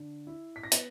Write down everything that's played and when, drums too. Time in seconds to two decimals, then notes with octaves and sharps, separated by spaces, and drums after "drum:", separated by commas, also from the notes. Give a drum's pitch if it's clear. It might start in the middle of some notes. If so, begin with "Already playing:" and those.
Already playing: D3
0.27 E4
0.56 B6
0.63 A#6
0.72 B3 A6, drum: hi-hat